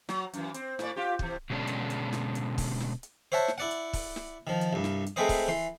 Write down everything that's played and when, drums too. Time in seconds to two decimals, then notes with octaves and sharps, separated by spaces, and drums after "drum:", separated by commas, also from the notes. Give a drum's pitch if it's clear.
0.09 F#3, drum: snare
0.33 F#2 E3, drum: hi-hat
0.54 C4, drum: hi-hat
0.79 A2 D5, drum: snare
0.96 F4 G4
1.19 C3 E3, drum: kick
1.50 B2 D3 G#3 C#4 D4
1.67 drum: hi-hat
1.90 drum: hi-hat
2.13 drum: snare
2.35 drum: hi-hat
2.58 drum: kick, open hi-hat
2.80 drum: snare
3.03 drum: hi-hat
3.32 C5 C#5 E5 F#5 A5
3.48 drum: snare
3.58 E4 D5 F#5
3.71 drum: hi-hat
3.93 drum: kick, open hi-hat
4.16 drum: snare
4.47 D#3 F3
4.61 drum: hi-hat
4.73 C2 G2
4.84 drum: snare
5.06 drum: hi-hat
5.16 G#3 A3 C4 B4 C5 D#5
5.29 drum: kick, open hi-hat
5.48 E3 C6